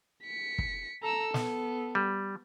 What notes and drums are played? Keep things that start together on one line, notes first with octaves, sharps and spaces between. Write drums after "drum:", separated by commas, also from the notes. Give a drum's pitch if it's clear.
B6 C#7
drum: kick
A4 A#5 E6
B3, drum: snare
G3